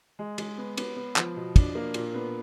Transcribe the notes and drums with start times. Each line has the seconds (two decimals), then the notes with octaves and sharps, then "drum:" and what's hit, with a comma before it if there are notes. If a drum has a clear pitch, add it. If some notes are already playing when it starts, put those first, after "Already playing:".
0.19 G#3
0.38 G#3, drum: cymbal
0.58 B3
0.78 B3, drum: cymbal
0.96 B3
1.16 F3, drum: clap
1.36 B2
1.56 D4, drum: kick, cymbal
1.75 A#3
1.94 A#2, drum: cymbal
2.14 B3